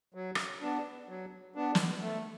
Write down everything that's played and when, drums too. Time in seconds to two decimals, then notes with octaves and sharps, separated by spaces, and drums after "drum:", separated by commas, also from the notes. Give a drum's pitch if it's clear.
0.14 F#3
0.35 drum: rim click
0.61 B3 D4
1.09 F#3
1.55 B3 D4
1.75 drum: snare
2.01 A3